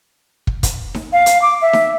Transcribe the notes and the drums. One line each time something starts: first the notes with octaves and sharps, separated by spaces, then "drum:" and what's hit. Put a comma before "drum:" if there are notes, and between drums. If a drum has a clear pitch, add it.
drum: kick
drum: kick, hi-hat
drum: snare D#4
F5
drum: hi-hat
D6
E5
drum: snare D#4